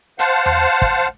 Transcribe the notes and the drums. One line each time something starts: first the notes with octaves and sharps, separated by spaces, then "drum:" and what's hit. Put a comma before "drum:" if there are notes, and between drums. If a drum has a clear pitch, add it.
C5 F5 F#5 A5, drum: hi-hat
drum: tom E2
drum: kick